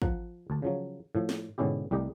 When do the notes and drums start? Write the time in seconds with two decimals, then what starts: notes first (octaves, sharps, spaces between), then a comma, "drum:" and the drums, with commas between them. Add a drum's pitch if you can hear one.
0.02 F3 F#5 A#5, drum: kick
0.50 D2 A5
0.62 C#3 F3 F#3
1.15 A2 F3
1.29 drum: snare
1.58 G#2 B2 D3 C#4 E4 G4
1.91 C2 G3 A3 G4 D#5 G5